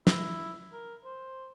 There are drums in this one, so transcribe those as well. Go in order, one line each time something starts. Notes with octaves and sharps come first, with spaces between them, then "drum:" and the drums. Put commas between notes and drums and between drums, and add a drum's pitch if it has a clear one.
E4, drum: snare
A#4
C5